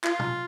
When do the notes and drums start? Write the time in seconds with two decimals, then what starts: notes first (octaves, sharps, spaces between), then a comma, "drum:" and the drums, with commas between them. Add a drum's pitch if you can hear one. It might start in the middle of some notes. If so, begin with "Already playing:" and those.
0.04 F4, drum: clap
0.19 drum: tom